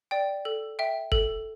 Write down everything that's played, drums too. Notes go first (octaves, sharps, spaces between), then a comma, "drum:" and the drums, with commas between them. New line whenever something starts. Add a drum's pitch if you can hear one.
D5 G5
A4
E5 G5
A4, drum: kick G1